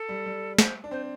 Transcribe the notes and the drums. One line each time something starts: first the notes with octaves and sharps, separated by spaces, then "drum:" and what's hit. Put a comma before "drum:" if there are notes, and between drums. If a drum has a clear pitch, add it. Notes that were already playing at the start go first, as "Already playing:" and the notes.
Already playing: A4
G3
G3
C5, drum: snare
D4
C4 C5